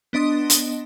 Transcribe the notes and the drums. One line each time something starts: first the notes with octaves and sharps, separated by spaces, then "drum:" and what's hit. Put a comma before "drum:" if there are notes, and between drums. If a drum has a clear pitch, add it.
B3 D4 D#5 C6 D#6
drum: hi-hat